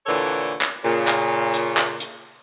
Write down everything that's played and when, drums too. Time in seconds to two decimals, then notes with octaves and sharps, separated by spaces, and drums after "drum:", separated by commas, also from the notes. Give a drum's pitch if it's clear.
0.06 A#2 D3 E3 A4 C#5
0.61 drum: clap
0.84 A#2 C#3
1.08 drum: clap
1.54 drum: hi-hat
1.77 drum: clap
2.00 drum: hi-hat